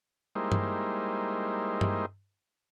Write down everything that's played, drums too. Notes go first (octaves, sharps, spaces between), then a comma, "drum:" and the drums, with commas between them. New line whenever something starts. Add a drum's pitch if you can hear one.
G3 G#3 A#3 D#4 E4 C5
drum: tom G2
drum: tom G2